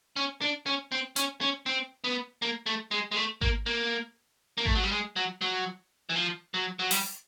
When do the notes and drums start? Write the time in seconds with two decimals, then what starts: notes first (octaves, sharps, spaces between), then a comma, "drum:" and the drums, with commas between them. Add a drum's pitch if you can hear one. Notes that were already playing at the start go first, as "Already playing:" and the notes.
0.16 C#4
0.41 D4
0.66 C#4
0.92 C4
1.16 C#4, drum: hi-hat
1.41 C#4
1.66 C4
2.04 B3
2.42 A#3
2.66 A3
2.91 G#3
3.11 G#3
3.16 A3
3.41 A#3, drum: kick G#1
3.66 A#3
4.58 A#3
4.66 A3, drum: kick G#1
4.75 F#3
4.83 G3
4.91 G#3
5.16 F#3
5.41 F#3
6.09 E3
6.16 F3
6.54 F#3
6.79 F#3
6.91 G3, drum: open hi-hat